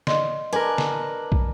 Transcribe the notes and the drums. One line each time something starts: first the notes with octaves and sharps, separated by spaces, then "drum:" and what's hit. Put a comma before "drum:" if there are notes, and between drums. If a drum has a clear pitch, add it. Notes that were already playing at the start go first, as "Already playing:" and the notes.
D5 D#5 C6, drum: snare
D4 A#4 B4 G#5
drum: snare
drum: kick